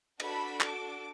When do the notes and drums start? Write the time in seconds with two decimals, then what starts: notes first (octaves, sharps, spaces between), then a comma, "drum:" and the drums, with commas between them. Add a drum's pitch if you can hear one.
0.20 D4 F#4 A4 B5, drum: cymbal
0.61 D6, drum: clap